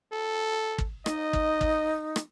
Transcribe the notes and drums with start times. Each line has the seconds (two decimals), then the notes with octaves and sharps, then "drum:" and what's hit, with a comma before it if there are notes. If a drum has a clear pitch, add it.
0.12 A4
0.78 drum: kick
1.06 D#4 D#5, drum: rim click
1.33 drum: kick
1.61 drum: kick
2.16 drum: rim click